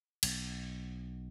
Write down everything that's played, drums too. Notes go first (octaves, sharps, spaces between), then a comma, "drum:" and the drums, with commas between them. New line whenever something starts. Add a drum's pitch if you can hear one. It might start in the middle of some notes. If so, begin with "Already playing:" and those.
B1, drum: cymbal